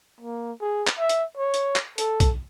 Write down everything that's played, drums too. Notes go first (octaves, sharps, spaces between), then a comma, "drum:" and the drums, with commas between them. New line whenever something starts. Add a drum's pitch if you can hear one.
A#3
G#4
drum: clap
E5
drum: hi-hat
C#5
drum: hi-hat
drum: clap
A4, drum: hi-hat
drum: kick B1, hi-hat